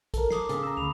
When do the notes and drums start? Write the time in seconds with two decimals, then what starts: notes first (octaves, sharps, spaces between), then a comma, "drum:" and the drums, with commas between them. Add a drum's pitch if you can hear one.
0.14 A4 A#4, drum: kick, hi-hat
0.31 D6 D#6 C7, drum: snare
0.49 C#3, drum: hi-hat
0.63 A#5 E6
0.77 D2 B5 F7